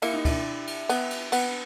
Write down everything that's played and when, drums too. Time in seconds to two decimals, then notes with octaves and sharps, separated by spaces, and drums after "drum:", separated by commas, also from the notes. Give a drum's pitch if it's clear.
0.02 A#3 E4, drum: cymbal
0.13 D#4
0.25 D4 E4, drum: kick, cymbal
0.67 drum: cymbal
0.89 B3, drum: cymbal
1.10 drum: cymbal
1.32 B3, drum: cymbal